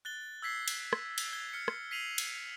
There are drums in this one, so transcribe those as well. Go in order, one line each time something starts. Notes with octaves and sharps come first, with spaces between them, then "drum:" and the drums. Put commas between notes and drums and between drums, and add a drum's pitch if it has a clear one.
F#6 A6 G7
E6 G#6 B6 C7
drum: cymbal
drum: rim click
drum: cymbal
G#6 G7
F6 C#7
drum: rim click
B6 C7 D#7 F7 F#7
drum: cymbal